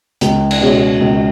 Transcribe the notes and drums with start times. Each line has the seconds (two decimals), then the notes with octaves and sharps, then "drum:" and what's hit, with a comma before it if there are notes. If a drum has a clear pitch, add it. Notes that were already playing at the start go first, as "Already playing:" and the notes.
0.21 C#2, drum: hi-hat
0.51 drum: cymbal
0.61 B2 G#3 C#4 G#4
1.01 C#2